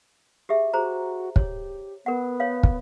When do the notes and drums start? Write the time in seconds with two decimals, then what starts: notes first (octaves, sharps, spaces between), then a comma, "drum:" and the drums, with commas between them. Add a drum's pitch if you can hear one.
0.49 G4 G#4 E5
0.73 F#4 G#4 C5 A#5
1.36 G4 C#5, drum: kick
2.06 B3 A#4 F#5
2.40 C#5 F5
2.63 drum: kick